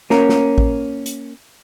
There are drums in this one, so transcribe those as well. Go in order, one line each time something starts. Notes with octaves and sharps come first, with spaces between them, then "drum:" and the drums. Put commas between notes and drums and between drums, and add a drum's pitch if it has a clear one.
A#3 C#4 A#4, drum: snare
drum: snare
drum: kick
drum: hi-hat